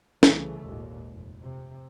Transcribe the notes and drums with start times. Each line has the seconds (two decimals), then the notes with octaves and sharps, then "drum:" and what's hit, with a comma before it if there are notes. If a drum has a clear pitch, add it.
0.23 C2 C#3 E3 A3, drum: snare
0.65 G#1 D#2 A#2
1.11 F1
1.43 C3